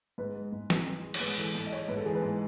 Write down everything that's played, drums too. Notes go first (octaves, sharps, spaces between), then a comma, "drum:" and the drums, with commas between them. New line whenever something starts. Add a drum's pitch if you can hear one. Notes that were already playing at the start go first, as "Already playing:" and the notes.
G#2 B4
G#3
G#2
E3, drum: snare
G#2
G#3
C#5, drum: cymbal
G#2 B4
E3 A4
G#2 A4
D#5
G#3 C#5
G#2 B4
A4
E3 G#4
B4
G#2